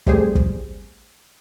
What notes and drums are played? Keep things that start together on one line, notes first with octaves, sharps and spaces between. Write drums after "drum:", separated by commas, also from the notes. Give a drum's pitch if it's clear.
G3 A3 C4 G4 G#4 C5, drum: kick
drum: kick